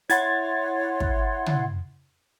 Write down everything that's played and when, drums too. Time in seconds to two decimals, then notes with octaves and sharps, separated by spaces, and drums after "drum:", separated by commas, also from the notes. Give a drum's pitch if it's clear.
0.10 E4 C#5 F#5 C6 G#6 A6, drum: hi-hat
1.00 drum: kick
1.46 drum: tom